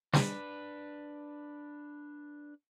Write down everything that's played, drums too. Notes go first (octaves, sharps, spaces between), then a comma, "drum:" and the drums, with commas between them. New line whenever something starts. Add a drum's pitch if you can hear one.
D4 B4, drum: snare